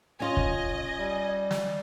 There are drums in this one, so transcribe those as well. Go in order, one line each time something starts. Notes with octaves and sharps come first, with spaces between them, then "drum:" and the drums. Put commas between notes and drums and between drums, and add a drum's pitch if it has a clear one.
C#4 F4 D#5 G#5
drum: kick
G3
drum: snare